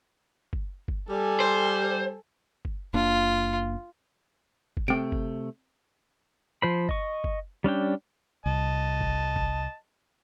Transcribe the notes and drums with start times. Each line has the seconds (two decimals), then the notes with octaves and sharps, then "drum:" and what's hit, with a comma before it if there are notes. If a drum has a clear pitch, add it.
0.53 drum: kick
0.88 drum: kick
1.10 G3 A4 G#5
1.40 C5
2.65 drum: kick
2.94 F#1 A#3 D4 F4
4.77 drum: kick
4.88 C3 A3 C4 D7
5.12 drum: kick
6.62 F3 C5 B5
6.89 D#5 C#6, drum: kick
7.24 drum: kick
7.64 G3 C#4 D4 G5
8.46 C2 D#5 A5
9.01 drum: kick
9.36 drum: kick